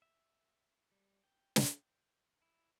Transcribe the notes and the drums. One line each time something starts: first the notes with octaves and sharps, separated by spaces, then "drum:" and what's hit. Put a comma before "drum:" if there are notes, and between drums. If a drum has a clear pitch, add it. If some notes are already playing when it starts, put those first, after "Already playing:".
E5
G3
G5
drum: snare
E4